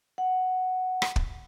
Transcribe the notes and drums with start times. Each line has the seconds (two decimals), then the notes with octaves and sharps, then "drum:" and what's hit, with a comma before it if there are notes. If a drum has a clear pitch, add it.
0.18 F#5
1.02 drum: rim click
1.16 drum: kick